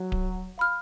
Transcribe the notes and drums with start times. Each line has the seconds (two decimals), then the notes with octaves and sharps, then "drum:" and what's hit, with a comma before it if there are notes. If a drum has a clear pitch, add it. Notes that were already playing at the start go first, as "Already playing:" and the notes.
Already playing: F#3
0.12 drum: kick D1
0.58 F5 B5 F6